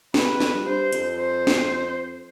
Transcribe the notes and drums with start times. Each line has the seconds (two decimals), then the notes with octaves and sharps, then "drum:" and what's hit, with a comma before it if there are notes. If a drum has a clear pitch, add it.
0.14 C3 B4, drum: snare
0.28 B2
0.40 F2, drum: snare
0.54 G2
0.66 G2 C5
0.92 F2, drum: hi-hat
1.18 C5
1.47 drum: snare